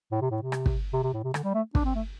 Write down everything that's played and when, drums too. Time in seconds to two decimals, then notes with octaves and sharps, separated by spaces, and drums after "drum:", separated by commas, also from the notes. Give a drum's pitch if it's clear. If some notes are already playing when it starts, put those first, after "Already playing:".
0.12 A2
0.22 C3
0.31 A2
0.42 C3
0.52 drum: rim click
0.66 drum: kick
0.93 C3
1.03 C3
1.14 A2
1.24 C3
1.34 D3, drum: rim click
1.44 G3
1.54 A3
1.75 D4, drum: kick
1.85 C4
1.95 A3